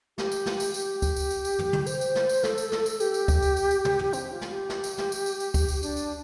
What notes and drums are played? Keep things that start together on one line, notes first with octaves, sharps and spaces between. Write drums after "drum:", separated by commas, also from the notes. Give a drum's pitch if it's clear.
G4, drum: snare
drum: tambourine
drum: snare
drum: tambourine
G4, drum: tambourine
drum: kick C#2, tambourine
drum: tambourine
drum: tambourine
drum: tambourine
drum: tom
drum: tom
C5, drum: tambourine
drum: tambourine
drum: snare
drum: tambourine
A4, drum: snare
drum: tambourine
drum: snare
drum: tambourine
G4, drum: tambourine
drum: tambourine
drum: kick C#2, tambourine
drum: tambourine
drum: tambourine
drum: tambourine
drum: tom
drum: tom
C4, drum: tambourine
F4
drum: snare
G4
drum: snare
drum: tambourine
drum: snare
drum: tambourine
drum: tambourine
drum: tambourine
drum: kick C#2, tambourine
drum: tambourine
D4, drum: tambourine
drum: tambourine